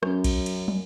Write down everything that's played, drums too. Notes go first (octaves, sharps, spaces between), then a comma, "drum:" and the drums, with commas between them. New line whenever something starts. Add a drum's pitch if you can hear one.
F#2 F#3 C#4, drum: rim click
drum: kick B1, cymbal
drum: cymbal
drum: tom